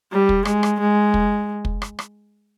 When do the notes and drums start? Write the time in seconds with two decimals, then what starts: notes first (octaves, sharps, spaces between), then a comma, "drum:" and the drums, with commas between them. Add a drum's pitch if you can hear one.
0.12 G3
0.29 drum: kick
0.45 G#3, drum: rim click
0.63 drum: rim click
0.80 G#3
1.14 drum: kick
1.65 drum: kick
1.82 drum: rim click
1.99 drum: rim click